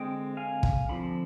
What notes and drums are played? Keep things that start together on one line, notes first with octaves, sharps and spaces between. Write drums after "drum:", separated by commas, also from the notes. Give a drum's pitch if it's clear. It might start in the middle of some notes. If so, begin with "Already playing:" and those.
Already playing: D3 G#3 C4 D#5 G5
F5 G#5
drum: kick
D3 F3 C4 B5